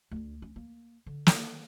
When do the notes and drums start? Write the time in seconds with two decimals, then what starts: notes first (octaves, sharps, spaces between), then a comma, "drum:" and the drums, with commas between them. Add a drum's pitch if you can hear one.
0.11 D2 D4
0.42 C#4
0.56 A#3
1.06 D3
1.27 A#3, drum: snare